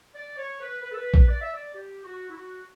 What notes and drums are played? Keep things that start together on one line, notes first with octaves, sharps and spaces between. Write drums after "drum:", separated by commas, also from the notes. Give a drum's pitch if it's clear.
D5
C#5
B4
B4
A4
B4
drum: kick A#1
D5
E5
D5
G4
F#4
E4
F#4